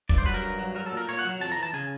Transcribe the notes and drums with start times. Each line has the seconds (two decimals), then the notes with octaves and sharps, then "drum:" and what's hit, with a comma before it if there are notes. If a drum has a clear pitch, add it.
0.09 G2 D5, drum: kick
0.18 C5
0.26 F#3 B4
0.34 A#4
0.42 G2
0.59 F#3
0.75 F#3 A#4
0.86 A4
0.92 A#2
0.97 A#4
1.08 A#2 C#5
1.19 F#5
1.25 F#3
1.40 F2 A5
1.52 A#5
1.57 E3
1.63 A5
1.73 C#3 G#5